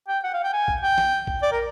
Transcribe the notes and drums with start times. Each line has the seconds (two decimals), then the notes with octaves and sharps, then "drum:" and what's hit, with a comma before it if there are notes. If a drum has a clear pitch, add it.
0.09 G5
0.24 F#5
0.34 F5
0.44 G5
0.53 G#5
0.68 drum: kick A#1
0.82 G5
0.98 drum: snare
1.27 drum: kick A#1
1.43 D5
1.52 A#4